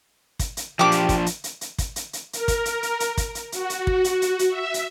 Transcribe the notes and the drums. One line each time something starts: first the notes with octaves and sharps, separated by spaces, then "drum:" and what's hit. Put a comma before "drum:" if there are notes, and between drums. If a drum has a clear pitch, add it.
drum: kick, hi-hat
drum: hi-hat
F3 D4 G4 D6
drum: hi-hat
drum: kick, hi-hat
drum: hi-hat
drum: hi-hat
drum: hi-hat
drum: kick, hi-hat
drum: hi-hat
drum: hi-hat
A#4, drum: hi-hat
drum: kick, hi-hat
drum: hi-hat
drum: hi-hat
drum: hi-hat
drum: kick, hi-hat
drum: hi-hat
F#4, drum: hi-hat
drum: hi-hat
drum: kick
drum: hi-hat
drum: hi-hat
drum: hi-hat
E5
drum: hi-hat